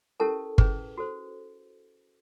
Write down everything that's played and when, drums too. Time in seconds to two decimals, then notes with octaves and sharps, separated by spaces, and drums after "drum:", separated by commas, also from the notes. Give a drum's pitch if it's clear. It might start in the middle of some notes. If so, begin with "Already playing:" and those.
0.20 C#4 E4 G4 A4 A#4 A5
0.58 C#4 E4 G#4 B4, drum: kick G1
0.97 F#4 A4 C5